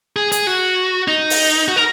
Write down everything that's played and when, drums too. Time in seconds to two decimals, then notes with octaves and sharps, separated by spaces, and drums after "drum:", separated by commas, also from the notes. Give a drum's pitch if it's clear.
0.16 G#4
0.32 G#4, drum: hi-hat
0.47 F#4
1.08 D#4
1.30 drum: open hi-hat
1.68 F#4
1.76 A#4